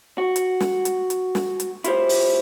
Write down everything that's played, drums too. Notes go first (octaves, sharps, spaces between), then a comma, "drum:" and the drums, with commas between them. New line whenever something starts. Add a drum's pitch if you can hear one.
F#4
drum: hi-hat
drum: snare
drum: hi-hat
drum: hi-hat
drum: snare
drum: hi-hat
E4 F4 G4 C5, drum: hi-hat
drum: open hi-hat